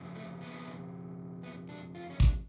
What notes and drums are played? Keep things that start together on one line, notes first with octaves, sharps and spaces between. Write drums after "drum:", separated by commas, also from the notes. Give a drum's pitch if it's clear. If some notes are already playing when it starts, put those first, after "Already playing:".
Already playing: F2 C#3
A3
B3
B3
D4
F4
C#4
D4, drum: kick G#1